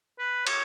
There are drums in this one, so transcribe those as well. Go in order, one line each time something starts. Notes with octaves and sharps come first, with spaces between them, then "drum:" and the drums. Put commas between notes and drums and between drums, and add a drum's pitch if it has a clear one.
B4
C#5, drum: cymbal